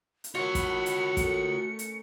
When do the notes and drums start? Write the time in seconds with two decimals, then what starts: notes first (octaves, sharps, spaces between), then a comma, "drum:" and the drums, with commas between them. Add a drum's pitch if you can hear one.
0.24 drum: hi-hat
0.35 D#3 F4 F#4 C#5 B5 C#7
0.55 drum: kick, hi-hat
0.86 drum: hi-hat
1.17 A3 C#4 A#4, drum: kick, hi-hat
1.79 drum: hi-hat